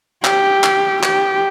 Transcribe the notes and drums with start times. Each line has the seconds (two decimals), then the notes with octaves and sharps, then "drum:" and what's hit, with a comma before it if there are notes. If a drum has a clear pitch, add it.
0.24 G4, drum: clap
0.64 drum: clap
1.03 G4, drum: clap